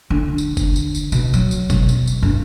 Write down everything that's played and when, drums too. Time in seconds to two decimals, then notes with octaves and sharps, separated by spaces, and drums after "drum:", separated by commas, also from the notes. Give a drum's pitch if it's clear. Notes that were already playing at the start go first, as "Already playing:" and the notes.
0.10 D3
0.38 drum: tambourine
0.57 drum: kick, tambourine
0.76 drum: tambourine
0.95 drum: tambourine
1.12 B2, drum: tambourine
1.34 F#3, drum: tambourine
1.51 drum: tambourine
1.70 B2, drum: kick, tambourine
1.89 drum: tambourine
2.07 drum: tambourine
2.22 G2